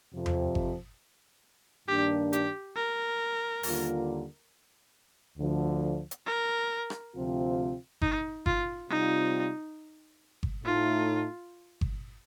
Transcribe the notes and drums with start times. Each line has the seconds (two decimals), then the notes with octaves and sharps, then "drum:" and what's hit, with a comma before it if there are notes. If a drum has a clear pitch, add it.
0.13 F2 C3 F3
0.26 drum: tom E2
0.55 drum: kick G1
1.88 G2 D#3 A#3 D4 G4
2.33 G4, drum: hi-hat
2.76 A#4
3.63 D#2 D3 G3 A#3 F4, drum: open hi-hat
5.38 D2 D3 F3
6.11 drum: hi-hat
6.26 A#4
6.90 drum: rim click
7.15 D2 C3 F3 C4 F4
8.01 D#4, drum: kick G1
8.46 F4, drum: kick G1
8.89 C3 G3 C4 D#4 F4
10.43 drum: kick G1
10.64 A2 A3 D#4 F4
11.81 drum: kick G1